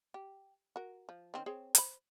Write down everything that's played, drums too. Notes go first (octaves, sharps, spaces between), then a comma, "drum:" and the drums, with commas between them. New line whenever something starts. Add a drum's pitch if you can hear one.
G4
F#4 A#4
F3
D#3 C4 C#4
C4 G#4 C#5
C5 B5, drum: hi-hat